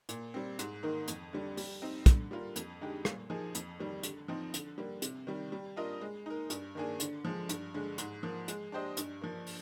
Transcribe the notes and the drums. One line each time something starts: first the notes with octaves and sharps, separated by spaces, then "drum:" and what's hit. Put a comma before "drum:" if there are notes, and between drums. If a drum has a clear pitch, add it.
A#2, drum: hi-hat
G3 C4
G#2, drum: hi-hat
D#3 A#3 D#4 A#4
F2, drum: hi-hat
D3 G3
G3, drum: open hi-hat
C4 D#4
D3, drum: kick, hi-hat
G3 A#3 F4 A#4
F2, drum: hi-hat
D3 G#3 D#4 G4
A#2, drum: rim click
F3 A#3 D#4 G#4
F2, drum: hi-hat
D#3 G3
D3, drum: hi-hat
F3 C4 D#4
D3, drum: hi-hat
G3 A#3
C3, drum: hi-hat
D#3 G3
G3
D4 F4 A#4 D#5
G#3
D#4 A#4
G2, drum: hi-hat
D#3 A#3 D4 G#4
D3, drum: hi-hat
F3 G#3
G2, drum: hi-hat
D3 G#3
G#2, drum: hi-hat
F3 A#3
G#3, drum: hi-hat
D4 G4 C5 D#5
G2, drum: hi-hat
F3 A#3
drum: open hi-hat